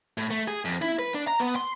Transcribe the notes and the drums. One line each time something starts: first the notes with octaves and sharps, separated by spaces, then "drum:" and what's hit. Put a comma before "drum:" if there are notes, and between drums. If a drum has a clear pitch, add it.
A2
A3
G#4
F2, drum: hi-hat
E4, drum: snare
B4, drum: hi-hat
D4, drum: hi-hat
A#5
B3
C6